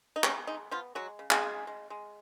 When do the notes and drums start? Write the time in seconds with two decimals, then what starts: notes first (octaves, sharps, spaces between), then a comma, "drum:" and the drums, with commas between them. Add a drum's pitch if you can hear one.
0.16 D#4
0.24 G#3 C#4, drum: clap
0.47 G#3 D#4
0.71 F3 B3 F4
0.95 F#3 G#3 F#4
1.19 C#3
1.31 G#3 G#4, drum: clap
1.43 C#3
1.67 G#3
1.90 G#3